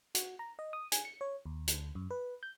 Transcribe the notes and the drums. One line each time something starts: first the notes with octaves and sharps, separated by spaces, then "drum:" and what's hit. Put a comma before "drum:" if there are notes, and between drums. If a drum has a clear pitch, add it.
F#4, drum: hi-hat
A#5
D#5
D#6
G#5, drum: hi-hat
C#7
C#5
D#2
D2, drum: hi-hat
F#2
B4
G6